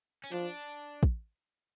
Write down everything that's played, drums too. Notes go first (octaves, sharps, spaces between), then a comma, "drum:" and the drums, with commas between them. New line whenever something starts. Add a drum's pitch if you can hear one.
C#4
F3 D4
drum: kick